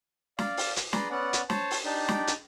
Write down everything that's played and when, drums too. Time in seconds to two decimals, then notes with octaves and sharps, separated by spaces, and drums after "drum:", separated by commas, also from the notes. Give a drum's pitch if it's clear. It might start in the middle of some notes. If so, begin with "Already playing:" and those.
0.39 D5 F5, drum: snare
0.57 drum: open hi-hat
0.76 drum: hi-hat
0.93 G#4 B4 D5 A#5 C6, drum: snare
1.11 B3 C#4 D5 F#5
1.33 drum: hi-hat
1.50 C5 C#5 A5, drum: snare
1.71 drum: open hi-hat
1.85 D4 D#4 G4 D5
2.08 drum: snare
2.27 drum: hi-hat